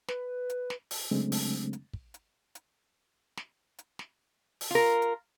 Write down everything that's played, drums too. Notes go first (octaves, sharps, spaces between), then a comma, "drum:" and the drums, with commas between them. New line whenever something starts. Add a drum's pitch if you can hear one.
B4, drum: snare
drum: hi-hat
drum: snare
drum: open hi-hat
C#3 F#3 G#3 A3 C4 D4
drum: open hi-hat
drum: hi-hat
drum: kick
drum: hi-hat
drum: hi-hat
drum: snare
drum: hi-hat
drum: snare
drum: open hi-hat
F4 A#4
drum: hi-hat